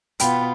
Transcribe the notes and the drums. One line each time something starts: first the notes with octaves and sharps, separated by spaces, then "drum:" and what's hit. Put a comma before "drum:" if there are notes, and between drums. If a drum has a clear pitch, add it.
B2 B3 F4 G5 B5, drum: hi-hat